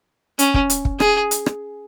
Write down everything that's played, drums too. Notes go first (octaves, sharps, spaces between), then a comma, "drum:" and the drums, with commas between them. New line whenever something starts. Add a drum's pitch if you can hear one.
C#4, drum: hi-hat
drum: kick
drum: hi-hat
drum: kick
G#4, drum: rim click
drum: hi-hat
drum: rim click